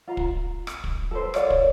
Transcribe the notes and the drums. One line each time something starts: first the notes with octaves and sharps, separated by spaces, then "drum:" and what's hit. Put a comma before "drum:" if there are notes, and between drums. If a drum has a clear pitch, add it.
F4 A#5
drum: kick
drum: rim click
drum: kick
A4 B4 C5
A#4 C#5 D5 F5, drum: rim click
drum: kick